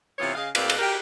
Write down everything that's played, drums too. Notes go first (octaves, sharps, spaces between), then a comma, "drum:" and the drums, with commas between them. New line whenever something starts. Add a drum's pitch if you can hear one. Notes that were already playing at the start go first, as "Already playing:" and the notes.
C3 E3 B3 E4 F4 C#5
C#3 G#4 D#5 F5
A2 A#3 C4 B4 D5 F5, drum: cymbal
drum: cymbal
G4 A#4